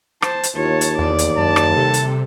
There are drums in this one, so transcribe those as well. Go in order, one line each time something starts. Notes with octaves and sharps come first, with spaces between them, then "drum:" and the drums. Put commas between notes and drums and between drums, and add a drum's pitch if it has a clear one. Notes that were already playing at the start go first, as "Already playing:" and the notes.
C5 A5, drum: rim click
drum: hi-hat
D#2 F4 C#5 A5
drum: hi-hat
E2 D5
drum: hi-hat
F#2 A5
drum: rim click
C3 G3 A4
drum: hi-hat